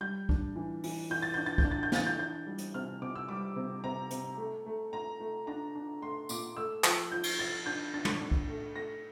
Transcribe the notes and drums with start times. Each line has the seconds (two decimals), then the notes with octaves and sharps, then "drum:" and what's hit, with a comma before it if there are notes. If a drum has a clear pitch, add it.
0.01 G3 G6
0.29 D4, drum: kick
0.56 E3
0.84 E3, drum: open hi-hat
1.10 E3 G6
1.22 A6
1.34 D4 G6
1.46 A6
1.58 G6, drum: kick
1.65 D4
1.71 A6
1.83 G6
1.92 E3 A6, drum: snare
2.07 G6
2.19 D4 G6
2.47 G3
2.59 drum: hi-hat
2.74 C3 F6
3.02 C3 D6
3.16 E6
3.29 G3 D6
3.56 C3
3.84 C3 A#5
4.11 C3, drum: hi-hat
4.38 A3
4.66 A3
4.93 A3 A#5
5.20 A3
5.47 D4 A#5
5.75 D4
6.02 A3 C6
6.29 A#2 D6, drum: tambourine
6.57 A3 E6
6.84 F3, drum: clap
7.12 F3 G6
7.23 drum: cymbal
7.39 F3 A6
7.66 D4 G6
7.94 D4 A6
8.05 drum: tom
8.21 D4
8.31 drum: kick
8.48 A3
8.75 A3 A#6